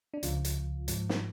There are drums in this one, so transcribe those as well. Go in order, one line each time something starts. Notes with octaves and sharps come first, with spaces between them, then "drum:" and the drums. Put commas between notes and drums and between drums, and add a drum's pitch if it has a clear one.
D4
C#2 C#3 F3 F4, drum: hi-hat
drum: hi-hat
G#2 F3, drum: hi-hat
drum: snare